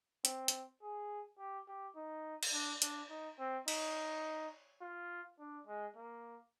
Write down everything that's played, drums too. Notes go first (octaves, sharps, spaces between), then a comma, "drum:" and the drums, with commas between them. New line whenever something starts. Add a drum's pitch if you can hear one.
C4, drum: hi-hat
drum: hi-hat
G#4
G4
G4
D#4
drum: cymbal
D4
D4, drum: hi-hat
D#4
C4
D#4, drum: cymbal
F4
D4
G#3
A#3